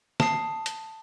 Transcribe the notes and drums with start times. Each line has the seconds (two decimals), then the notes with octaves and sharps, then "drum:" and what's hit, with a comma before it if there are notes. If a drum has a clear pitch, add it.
0.20 A5 D#6 C7, drum: snare
0.66 drum: hi-hat